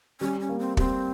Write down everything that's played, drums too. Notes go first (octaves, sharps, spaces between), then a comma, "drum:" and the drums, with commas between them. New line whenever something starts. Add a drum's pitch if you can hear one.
G3 C#4
C#4
A#3
C4
G3 C4, drum: kick